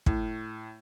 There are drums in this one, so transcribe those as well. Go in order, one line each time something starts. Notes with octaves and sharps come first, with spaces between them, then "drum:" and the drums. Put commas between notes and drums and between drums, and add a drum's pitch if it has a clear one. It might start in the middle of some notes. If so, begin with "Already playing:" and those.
A2, drum: kick